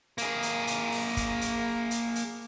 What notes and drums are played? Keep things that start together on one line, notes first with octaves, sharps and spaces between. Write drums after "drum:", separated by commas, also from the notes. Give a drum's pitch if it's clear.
A#3 G#4, drum: hi-hat
drum: hi-hat
drum: hi-hat
drum: open hi-hat
drum: kick, hi-hat
drum: hi-hat
drum: hi-hat
drum: hi-hat